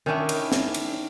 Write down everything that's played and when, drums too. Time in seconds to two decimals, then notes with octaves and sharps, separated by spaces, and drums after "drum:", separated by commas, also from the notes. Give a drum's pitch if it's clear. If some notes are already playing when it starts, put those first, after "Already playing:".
0.06 D#3 C#4 D4 E4
0.29 drum: cymbal
0.52 drum: snare
0.74 drum: cymbal